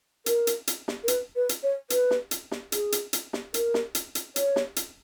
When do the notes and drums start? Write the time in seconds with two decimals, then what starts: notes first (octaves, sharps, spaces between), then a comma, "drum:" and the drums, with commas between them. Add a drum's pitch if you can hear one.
0.26 A#4, drum: hi-hat
0.47 drum: hi-hat
0.67 drum: hi-hat
0.88 drum: snare
1.04 A#4
1.08 B4, drum: hi-hat
1.36 B4
1.49 drum: hi-hat
1.63 C#5
1.90 B4, drum: hi-hat
2.11 drum: snare
2.31 drum: hi-hat
2.51 drum: snare
2.72 G#4, drum: hi-hat
2.92 drum: hi-hat
3.13 drum: hi-hat
3.33 drum: snare
3.54 A#4, drum: hi-hat
3.74 drum: snare
3.95 drum: hi-hat
4.15 drum: hi-hat
4.36 C#5, drum: hi-hat
4.56 drum: snare
4.76 drum: hi-hat